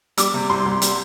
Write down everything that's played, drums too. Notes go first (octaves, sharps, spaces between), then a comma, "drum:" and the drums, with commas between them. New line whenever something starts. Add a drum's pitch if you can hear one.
G3 D6, drum: hi-hat
C3
C2 C6
C2
G3, drum: hi-hat